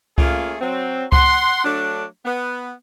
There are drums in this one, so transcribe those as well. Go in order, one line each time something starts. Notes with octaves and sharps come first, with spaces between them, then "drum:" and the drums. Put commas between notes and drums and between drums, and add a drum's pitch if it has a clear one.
A3 A#3 C#4 F4 G#4, drum: kick C#2
F#3 C4
F#5 C6, drum: kick C#2
F#3 A3 D4
B3